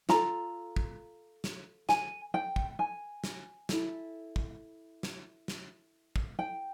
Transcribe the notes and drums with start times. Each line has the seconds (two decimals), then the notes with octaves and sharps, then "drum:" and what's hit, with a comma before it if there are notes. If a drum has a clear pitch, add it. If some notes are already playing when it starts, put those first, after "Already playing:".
0.09 F4 A4 A#5, drum: snare
0.76 drum: kick
1.44 drum: snare
1.89 G#5, drum: snare
2.34 G5
2.56 drum: kick
2.79 G#5
3.24 drum: snare
3.69 E4 A4, drum: snare
4.36 drum: kick
5.03 drum: snare
5.48 drum: snare
6.16 drum: kick
6.39 G5